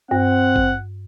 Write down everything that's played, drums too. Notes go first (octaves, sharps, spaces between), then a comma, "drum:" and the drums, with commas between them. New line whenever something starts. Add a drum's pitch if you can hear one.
G2 C4 F#5
drum: kick G#1